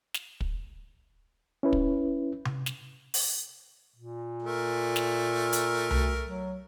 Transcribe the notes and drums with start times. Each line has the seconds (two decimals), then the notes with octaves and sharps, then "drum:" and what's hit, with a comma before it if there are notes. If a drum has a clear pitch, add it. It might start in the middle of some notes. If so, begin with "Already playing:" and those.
0.14 drum: snare
0.41 drum: kick
1.63 C#4 E4 B4
1.73 drum: kick
2.45 drum: tom C3
2.66 drum: snare
3.14 drum: open hi-hat
3.96 A#2
4.42 A3 A#4
4.96 drum: snare
5.53 drum: hi-hat
5.91 D2, drum: tom C2
6.24 F#3